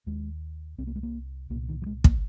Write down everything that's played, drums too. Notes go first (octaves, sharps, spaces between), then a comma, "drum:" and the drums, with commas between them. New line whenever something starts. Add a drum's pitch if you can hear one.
D#2 G#3
C2 C3 C4
A#3
G#3
A#3
C2 A#2 A#3
D#3
F3
G#3
A#3, drum: kick